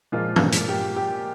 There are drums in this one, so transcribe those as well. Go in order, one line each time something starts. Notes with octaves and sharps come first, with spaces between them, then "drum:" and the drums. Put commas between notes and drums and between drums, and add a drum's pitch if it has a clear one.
A#2 F3 G#3 F4
drum: tom
drum: hi-hat
G4
G4